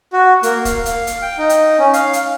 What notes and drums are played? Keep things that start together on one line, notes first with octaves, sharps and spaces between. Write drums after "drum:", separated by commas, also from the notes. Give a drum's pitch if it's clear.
F#4
A#3, drum: hi-hat
F5, drum: kick, hi-hat
drum: hi-hat
drum: hi-hat
G5
D#4
drum: hi-hat
C#4
F5, drum: hi-hat
drum: hi-hat